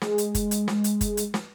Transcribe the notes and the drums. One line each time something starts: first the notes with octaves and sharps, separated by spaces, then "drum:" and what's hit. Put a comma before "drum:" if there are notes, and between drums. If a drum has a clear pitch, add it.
G#3, drum: snare
drum: hi-hat
drum: kick, hi-hat
drum: hi-hat
drum: snare
drum: hi-hat
drum: kick, hi-hat
drum: hi-hat
drum: snare